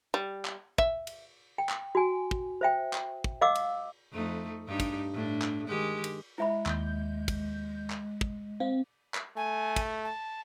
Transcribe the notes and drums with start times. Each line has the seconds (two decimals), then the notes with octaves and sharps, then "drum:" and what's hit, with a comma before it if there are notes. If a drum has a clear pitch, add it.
0.14 G3
0.45 drum: clap
0.78 E5, drum: kick
1.07 drum: cymbal
1.58 G5
1.69 drum: clap
1.95 F#4 G#5
2.31 drum: kick
2.61 C5 E5 G5
2.93 drum: clap
3.24 drum: kick
3.41 D#5 F5 F#5 D6 E6
3.55 drum: cymbal
4.12 F2 A3 D#4
4.67 G2 D#4 G4
4.80 drum: kick, cymbal
5.13 A2 D4
5.42 drum: clap
5.68 D#3 G#3 G4
6.04 drum: cymbal
6.38 G#3 E4 E5 B5
6.66 D#2 G6, drum: clap
7.28 drum: kick, cymbal
7.90 drum: clap
8.21 drum: kick
8.60 C4 F5
9.14 drum: clap
9.37 A3 G#5
9.76 drum: kick, cymbal
10.05 A5